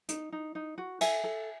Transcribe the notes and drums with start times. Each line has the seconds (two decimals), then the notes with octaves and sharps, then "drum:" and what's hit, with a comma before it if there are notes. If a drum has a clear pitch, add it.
0.09 D#4, drum: hi-hat
0.32 D#4
0.55 D#4
0.78 F#4
1.01 A4 E5 G#5, drum: cymbal
1.24 A4